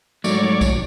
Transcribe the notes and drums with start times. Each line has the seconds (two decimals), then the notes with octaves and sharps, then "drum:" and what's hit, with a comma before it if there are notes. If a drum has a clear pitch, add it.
0.24 G#2 F#3 A3 C#5 D5, drum: tambourine
0.61 drum: kick B1, tambourine